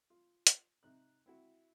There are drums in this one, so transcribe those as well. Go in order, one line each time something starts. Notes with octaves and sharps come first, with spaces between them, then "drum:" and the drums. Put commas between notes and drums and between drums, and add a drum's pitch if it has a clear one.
F4
drum: hi-hat
C3 D#4 F#6
C4 E4 F#4